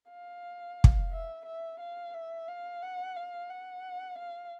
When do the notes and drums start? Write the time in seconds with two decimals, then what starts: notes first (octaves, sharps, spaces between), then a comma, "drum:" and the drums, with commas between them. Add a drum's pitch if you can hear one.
0.09 F5
0.84 drum: kick
1.11 E5
1.46 E5
1.80 F5
2.14 E5
2.48 F5
2.82 F#5
3.16 F5
3.49 F#5
4.18 F5